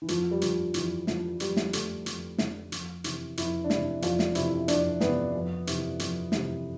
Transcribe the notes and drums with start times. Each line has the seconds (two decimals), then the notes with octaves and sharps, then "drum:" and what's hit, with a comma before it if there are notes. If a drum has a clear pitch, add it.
0.02 E3
0.08 F2 F3, drum: hi-hat
0.31 G3
0.41 D3 F3, drum: hi-hat
0.74 F2 E3, drum: hi-hat
1.07 D3 F3, drum: snare
1.40 F2 G3, drum: hi-hat
1.57 drum: snare
1.73 D3 A3, drum: hi-hat
2.06 F2, drum: hi-hat
2.38 D3, drum: snare
2.72 F2, drum: hi-hat
3.04 C3 E3, drum: hi-hat
3.37 F2 E4, drum: hi-hat
3.64 D4
3.70 C3 E3 E4, drum: snare
4.02 F2 F4, drum: hi-hat
4.19 drum: snare
4.35 C3 E3 E4, drum: hi-hat
4.68 F2 D4, drum: hi-hat
5.01 C3 E3 B3, drum: snare
5.35 F2
5.67 C3 E3, drum: hi-hat
5.99 F2, drum: hi-hat
6.32 C3 E3, drum: snare